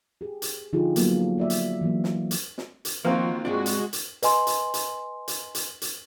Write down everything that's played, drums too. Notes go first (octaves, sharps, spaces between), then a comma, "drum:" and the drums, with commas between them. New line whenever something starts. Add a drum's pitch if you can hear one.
G4 G#4
drum: hi-hat
D3 F3 D#4 F4 G4 G#4
D3 F#3 A#3 B3, drum: hi-hat
A#3 D5 E5
drum: hi-hat
E3 F#3 A#3
drum: snare
drum: hi-hat
drum: snare
drum: hi-hat
D#3 F3 A#3 C4 F4 F#4
G2 C3 G#3 D4 F#4
drum: hi-hat
drum: hi-hat
B4 D#5 G#5 C6, drum: hi-hat
drum: hi-hat
drum: hi-hat
drum: hi-hat
drum: hi-hat
drum: hi-hat